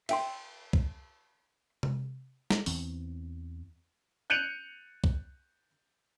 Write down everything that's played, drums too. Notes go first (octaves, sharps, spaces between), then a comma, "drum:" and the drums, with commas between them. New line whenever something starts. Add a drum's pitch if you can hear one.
E5 G5 C6, drum: cymbal
drum: kick
drum: tom C3
drum: snare
E2 E3 C4, drum: open hi-hat
F#6 G6 C#7 D#7 F7 F#7
drum: kick